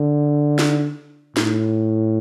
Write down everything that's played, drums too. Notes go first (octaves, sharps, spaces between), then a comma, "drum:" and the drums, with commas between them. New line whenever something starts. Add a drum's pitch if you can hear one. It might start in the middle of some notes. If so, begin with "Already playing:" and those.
Already playing: D3
drum: snare
A2, drum: snare